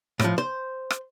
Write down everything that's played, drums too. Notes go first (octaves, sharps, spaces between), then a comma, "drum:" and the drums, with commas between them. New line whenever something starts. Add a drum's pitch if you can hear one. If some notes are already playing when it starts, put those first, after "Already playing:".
A2 F3, drum: rim click
C5
drum: rim click